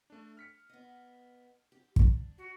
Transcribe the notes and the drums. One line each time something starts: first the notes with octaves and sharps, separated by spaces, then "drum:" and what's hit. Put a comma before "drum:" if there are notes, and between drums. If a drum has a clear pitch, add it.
A3 D4
F6 B6 C#7
B3 D#5
G4
D4, drum: kick
F#4